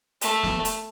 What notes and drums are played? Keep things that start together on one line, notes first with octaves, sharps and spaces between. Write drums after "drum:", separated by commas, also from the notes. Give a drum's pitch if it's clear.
A3, drum: hi-hat
drum: snare
drum: hi-hat